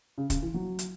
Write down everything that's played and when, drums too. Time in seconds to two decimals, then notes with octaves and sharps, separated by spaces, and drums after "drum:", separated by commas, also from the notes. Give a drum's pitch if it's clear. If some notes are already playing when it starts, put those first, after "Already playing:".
0.18 C#3
0.30 C#3, drum: kick, hi-hat
0.42 E3
0.54 F#3
0.79 drum: hi-hat